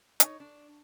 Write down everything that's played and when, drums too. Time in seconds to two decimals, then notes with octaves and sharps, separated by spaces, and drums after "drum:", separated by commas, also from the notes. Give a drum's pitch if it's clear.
0.20 D#4 C#5, drum: hi-hat
0.40 D4